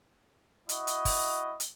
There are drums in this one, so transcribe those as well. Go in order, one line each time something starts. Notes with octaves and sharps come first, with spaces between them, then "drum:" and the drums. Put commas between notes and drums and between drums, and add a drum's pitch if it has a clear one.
E4 F#4 D#5, drum: hi-hat
drum: hi-hat
drum: kick, open hi-hat
drum: hi-hat